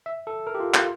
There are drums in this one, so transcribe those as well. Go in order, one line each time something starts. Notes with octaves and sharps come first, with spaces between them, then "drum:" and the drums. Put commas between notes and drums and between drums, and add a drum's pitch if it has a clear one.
E5
A4
A#4
G4
F4
F4, drum: clap